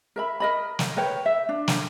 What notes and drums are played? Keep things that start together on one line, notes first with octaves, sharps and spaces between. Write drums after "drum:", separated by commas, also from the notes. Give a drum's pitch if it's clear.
A#4 E5 B5
A#4 D#5 B5
drum: snare
A#4 B4 C#5 G5
E5
D4
drum: snare